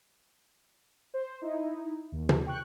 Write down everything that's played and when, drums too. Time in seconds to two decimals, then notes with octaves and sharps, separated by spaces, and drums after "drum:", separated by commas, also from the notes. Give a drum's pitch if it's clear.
1.14 C5
1.42 D#4 E4
2.12 D#2
2.29 drum: tom
2.47 G5 C#6 F#6